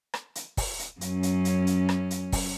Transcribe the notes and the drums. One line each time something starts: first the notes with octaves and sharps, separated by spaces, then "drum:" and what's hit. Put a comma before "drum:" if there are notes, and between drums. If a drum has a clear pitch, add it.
drum: rim click
drum: hi-hat
drum: kick, open hi-hat
drum: hi-hat
F#2 C#4, drum: hi-hat
drum: hi-hat
drum: hi-hat
drum: hi-hat
drum: rim click
drum: hi-hat
drum: kick, open hi-hat